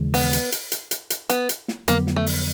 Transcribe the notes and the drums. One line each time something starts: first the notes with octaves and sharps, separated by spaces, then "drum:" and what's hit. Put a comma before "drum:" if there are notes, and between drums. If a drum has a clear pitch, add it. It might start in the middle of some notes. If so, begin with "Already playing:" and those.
Already playing: D#2 C#3 E3 G#3
B3, drum: open hi-hat
drum: hi-hat
drum: hi-hat
drum: hi-hat
drum: hi-hat
drum: hi-hat
B3, drum: hi-hat
drum: hi-hat
drum: snare
F2 D3 F#3 A#3 B3, drum: hi-hat
drum: snare
A3
drum: open hi-hat